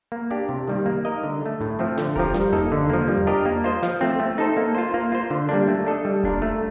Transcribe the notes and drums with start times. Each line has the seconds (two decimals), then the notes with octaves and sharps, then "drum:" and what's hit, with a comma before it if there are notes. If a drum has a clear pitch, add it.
0.12 A#3
0.31 D4 G4 D5
0.49 C3
0.68 D#3 G3 A#3
0.86 A#3
1.05 D#4 A#4 D#5
1.23 D3
1.42 A3 D4
1.61 A2, drum: hi-hat
1.79 F3 A3 C4
1.97 D3, drum: snare
2.16 F3 C4 G4 A#4, drum: kick E1
2.34 G3, drum: snare
2.52 A#3 D#4 A4 D#5, drum: tom E2
2.72 D3
2.90 F3 A#3
3.08 G3
3.18 drum: tom E2
3.27 D4 G4 A#4 D#5
3.46 A#3
3.64 F4 C5 D#5
3.83 F3, drum: snare
4.01 A3 C4
4.20 A3
4.38 D#4 A4 C5
4.57 A#3
4.75 F4 C5
4.94 A#3
5.12 F4 C5
5.31 D3
5.49 G3 A#3 D4
5.68 A3
5.87 D4 A4 D#5
6.05 G3
6.23 A#3 D4 F4 A#4, drum: kick E1
6.42 A3